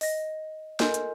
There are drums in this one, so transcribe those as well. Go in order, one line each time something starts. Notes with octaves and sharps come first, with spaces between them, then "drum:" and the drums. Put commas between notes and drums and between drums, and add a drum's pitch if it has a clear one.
D#5 A#6, drum: open hi-hat
A4 A#4 D#5 G#5 C6 G6, drum: snare
drum: hi-hat